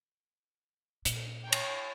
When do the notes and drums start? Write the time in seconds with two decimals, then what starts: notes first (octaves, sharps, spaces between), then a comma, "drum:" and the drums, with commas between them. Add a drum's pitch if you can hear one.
1.05 A#2, drum: hi-hat
1.43 C#5 G5
1.52 drum: cymbal